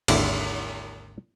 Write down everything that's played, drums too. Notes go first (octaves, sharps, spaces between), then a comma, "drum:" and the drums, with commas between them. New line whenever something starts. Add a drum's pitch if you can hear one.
G#1 D#2 D3 E4 D5, drum: cymbal